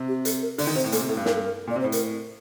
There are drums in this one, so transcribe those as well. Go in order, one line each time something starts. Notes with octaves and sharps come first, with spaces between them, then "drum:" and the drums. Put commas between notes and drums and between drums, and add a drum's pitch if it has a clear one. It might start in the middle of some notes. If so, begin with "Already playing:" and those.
Already playing: C3
G4
A4, drum: hi-hat
A#4
D3 D5, drum: open hi-hat
D#3
C3 C5
A2
A#2 A4, drum: hi-hat
C3
A2 A4
G2
A#4, drum: snare
A4
A#4
A#2
D5
C3
C5
A2
A#4, drum: hi-hat